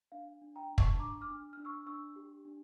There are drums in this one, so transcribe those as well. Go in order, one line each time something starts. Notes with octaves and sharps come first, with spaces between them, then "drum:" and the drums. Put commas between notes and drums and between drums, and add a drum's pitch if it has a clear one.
D4 F5
D4
G5 A#5
D4
A5 C#6, drum: kick
D4 A#5 D6
D6 F6
D4
D4 F6
C#6 E6
D4 C#6 E6
G4
D4